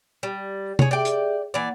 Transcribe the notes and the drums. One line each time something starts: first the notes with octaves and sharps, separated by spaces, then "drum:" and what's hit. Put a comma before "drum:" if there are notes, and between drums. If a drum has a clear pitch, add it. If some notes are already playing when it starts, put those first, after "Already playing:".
G3
G#4 C#5, drum: tom C3
G4 G#4 D5 E5 G5
drum: hi-hat
E3 A#3 D5 F#5